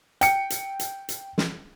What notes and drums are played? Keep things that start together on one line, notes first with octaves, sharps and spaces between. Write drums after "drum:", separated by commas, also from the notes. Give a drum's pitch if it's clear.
G5 C#7, drum: hi-hat
drum: hi-hat
drum: hi-hat
drum: hi-hat
drum: snare